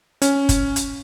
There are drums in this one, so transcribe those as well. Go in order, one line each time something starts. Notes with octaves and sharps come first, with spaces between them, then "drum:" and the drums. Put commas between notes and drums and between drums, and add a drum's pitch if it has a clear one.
C#4, drum: hi-hat
drum: kick F#1, hi-hat
drum: hi-hat